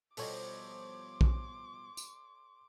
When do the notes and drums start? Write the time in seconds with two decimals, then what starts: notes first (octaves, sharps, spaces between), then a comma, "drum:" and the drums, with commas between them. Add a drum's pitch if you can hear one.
0.17 B2 F3 G3 A4 C#5 D#5 C6 D6, drum: open hi-hat
1.21 drum: kick
1.97 drum: tambourine